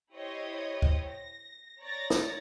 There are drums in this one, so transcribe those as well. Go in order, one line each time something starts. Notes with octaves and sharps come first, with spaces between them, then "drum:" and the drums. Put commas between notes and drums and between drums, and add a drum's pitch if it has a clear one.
E4 G4 C5 C#5 D#5
drum: kick
A#6
C#5 D5 A#5 A6 A#6
drum: snare